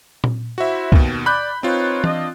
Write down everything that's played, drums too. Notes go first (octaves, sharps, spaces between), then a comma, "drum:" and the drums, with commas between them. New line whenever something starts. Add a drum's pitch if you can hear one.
drum: tom A#2
E4 F#4 C5 E5
D#2 B2, drum: kick
D5 B5 F#6 G6
C4 D#4 F4 B4 C#5
D4 D#5, drum: tom E3